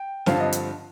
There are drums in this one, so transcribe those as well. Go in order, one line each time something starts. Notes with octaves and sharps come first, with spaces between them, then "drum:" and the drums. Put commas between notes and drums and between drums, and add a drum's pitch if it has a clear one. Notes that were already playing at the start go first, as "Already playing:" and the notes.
Already playing: G5
G2 D3 F3 C4 F5, drum: snare C4
D#5
drum: hi-hat